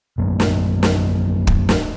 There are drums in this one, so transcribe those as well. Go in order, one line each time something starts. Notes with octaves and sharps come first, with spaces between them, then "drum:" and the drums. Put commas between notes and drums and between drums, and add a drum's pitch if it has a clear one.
A#1 F#2 A#2
drum: snare
drum: snare
drum: kick
drum: snare